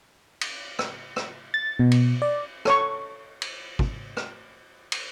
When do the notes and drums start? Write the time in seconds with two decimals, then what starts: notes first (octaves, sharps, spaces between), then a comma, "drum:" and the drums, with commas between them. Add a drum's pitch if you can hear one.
0.41 drum: cymbal
0.79 drum: rim click
1.16 drum: rim click
1.54 A6
1.79 B2
1.91 drum: cymbal
2.22 D5
2.65 A4 C#5 C#6, drum: rim click
3.42 drum: cymbal
3.79 drum: kick
4.17 drum: rim click
4.92 drum: cymbal